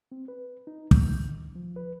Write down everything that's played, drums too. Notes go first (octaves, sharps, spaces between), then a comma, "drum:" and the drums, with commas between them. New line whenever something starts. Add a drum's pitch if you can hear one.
C4
B4
D#4
G6, drum: kick
D#3
F3
B4